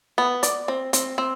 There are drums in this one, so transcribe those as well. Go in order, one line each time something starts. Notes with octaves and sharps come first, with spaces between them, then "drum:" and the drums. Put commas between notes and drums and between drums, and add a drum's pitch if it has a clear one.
B3
D5, drum: hi-hat
C4
C4, drum: hi-hat
C4